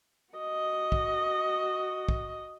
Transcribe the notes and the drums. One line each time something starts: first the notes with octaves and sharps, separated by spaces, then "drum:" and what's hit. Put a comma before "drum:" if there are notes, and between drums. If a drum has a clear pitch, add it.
F#4 D#5
drum: kick
drum: kick